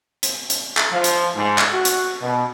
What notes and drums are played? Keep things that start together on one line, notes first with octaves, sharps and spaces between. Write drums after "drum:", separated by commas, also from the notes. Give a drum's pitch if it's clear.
drum: hi-hat
drum: hi-hat
drum: clap
F3
drum: hi-hat
G#2
drum: clap
F#4
drum: hi-hat
B2